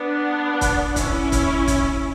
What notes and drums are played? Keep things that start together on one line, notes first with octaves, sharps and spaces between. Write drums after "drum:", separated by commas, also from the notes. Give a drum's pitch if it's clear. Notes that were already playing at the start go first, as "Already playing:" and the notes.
Already playing: B3 D4
drum: kick, hi-hat
C#4 E4, drum: kick, hi-hat
drum: kick, hi-hat
drum: kick, hi-hat